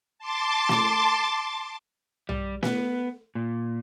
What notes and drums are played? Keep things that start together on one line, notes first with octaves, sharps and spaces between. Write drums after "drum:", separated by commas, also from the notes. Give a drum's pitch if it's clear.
A5 C6 D6 A6
drum: snare
G3, drum: tom
B3, drum: snare
A#2